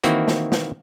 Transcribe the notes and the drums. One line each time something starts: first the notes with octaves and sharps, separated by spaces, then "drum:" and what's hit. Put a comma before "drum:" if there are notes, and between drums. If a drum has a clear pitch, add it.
D#3 E3 A#3 C4 E4 F#4, drum: hi-hat
drum: snare
drum: snare